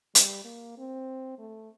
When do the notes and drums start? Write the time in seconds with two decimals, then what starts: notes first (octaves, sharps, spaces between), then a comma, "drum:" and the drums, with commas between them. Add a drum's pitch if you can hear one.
0.15 G3, drum: hi-hat
0.44 A#3
0.78 C4
1.39 A3